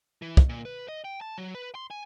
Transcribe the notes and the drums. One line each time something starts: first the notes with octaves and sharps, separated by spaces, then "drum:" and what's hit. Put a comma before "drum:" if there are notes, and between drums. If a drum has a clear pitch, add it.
E3
drum: kick
A#2
B4
D#5
G5
A5
F#3
B4
C6
G#5